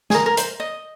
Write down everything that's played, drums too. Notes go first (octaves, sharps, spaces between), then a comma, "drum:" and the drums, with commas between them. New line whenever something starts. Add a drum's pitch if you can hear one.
G#4, drum: snare A3
A#4
A#4
C5, drum: hi-hat
D#5